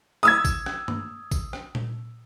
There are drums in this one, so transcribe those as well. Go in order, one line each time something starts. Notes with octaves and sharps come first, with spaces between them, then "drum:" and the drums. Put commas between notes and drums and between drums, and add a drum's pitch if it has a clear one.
D#6 E6 G#6
drum: kick A1, tambourine
drum: rim click
drum: tom
drum: kick A1, tambourine
drum: rim click
drum: tom A#2